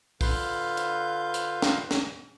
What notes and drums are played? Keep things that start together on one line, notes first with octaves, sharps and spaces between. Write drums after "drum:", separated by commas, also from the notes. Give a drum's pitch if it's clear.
D3 F4 B4 F5 G6, drum: kick, open hi-hat
drum: hi-hat
drum: hi-hat
drum: snare
drum: snare